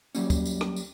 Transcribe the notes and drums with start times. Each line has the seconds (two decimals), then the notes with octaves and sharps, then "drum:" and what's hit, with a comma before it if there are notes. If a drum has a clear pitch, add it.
0.15 F#3 G3 A#3 C#4, drum: tambourine
0.30 drum: kick D2, tambourine
0.45 drum: tambourine
0.61 drum: rim click
0.76 drum: tambourine